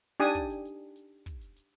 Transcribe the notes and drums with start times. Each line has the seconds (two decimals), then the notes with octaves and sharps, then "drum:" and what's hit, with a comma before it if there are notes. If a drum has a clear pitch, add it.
0.20 D4 D#4 G4 G#5 D#6, drum: hi-hat
0.35 drum: kick, hi-hat
0.50 drum: hi-hat
0.65 drum: hi-hat
0.96 drum: hi-hat
1.26 drum: kick, hi-hat
1.41 drum: hi-hat
1.56 drum: hi-hat